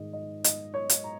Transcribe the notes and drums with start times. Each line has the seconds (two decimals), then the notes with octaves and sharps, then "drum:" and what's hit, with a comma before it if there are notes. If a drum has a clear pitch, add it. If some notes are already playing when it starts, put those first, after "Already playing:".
Already playing: G#2 D#3 G#3 D#5
0.13 D#5
0.44 D#5, drum: hi-hat
0.74 C#5
0.89 drum: hi-hat
1.04 A#5